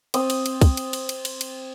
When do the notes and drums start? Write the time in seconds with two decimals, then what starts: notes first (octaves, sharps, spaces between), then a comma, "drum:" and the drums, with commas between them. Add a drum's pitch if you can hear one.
0.14 C4 D#6, drum: cymbal
0.30 drum: cymbal
0.46 drum: cymbal
0.61 drum: kick, cymbal
0.77 drum: cymbal
0.93 drum: cymbal
1.09 drum: cymbal
1.25 drum: cymbal
1.41 drum: cymbal